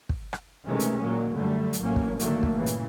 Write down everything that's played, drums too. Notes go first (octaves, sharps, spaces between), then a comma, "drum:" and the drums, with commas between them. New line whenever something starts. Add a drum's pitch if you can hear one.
drum: kick
drum: rim click
C3 D#3 E3 G#3 A3 C#4
drum: hi-hat
A#2 D#3 F#3 A#3
F#2 D3 G3 A3
drum: hi-hat
A1 A2 F#3 A#3 C#4
drum: kick
D3 D#3 F#3 A3 A#3, drum: hi-hat
drum: kick
G2 A#2 C#3 E3
drum: hi-hat